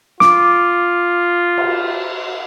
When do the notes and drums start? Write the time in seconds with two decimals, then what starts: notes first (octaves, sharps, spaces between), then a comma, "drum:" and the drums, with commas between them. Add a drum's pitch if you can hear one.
0.20 F4 D6, drum: snare
1.58 drum: cymbal